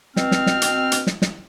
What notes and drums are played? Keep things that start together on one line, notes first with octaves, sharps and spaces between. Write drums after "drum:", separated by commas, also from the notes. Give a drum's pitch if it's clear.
B2 C4 F6, drum: snare
drum: snare
drum: snare
drum: hi-hat
drum: hi-hat
drum: snare
drum: snare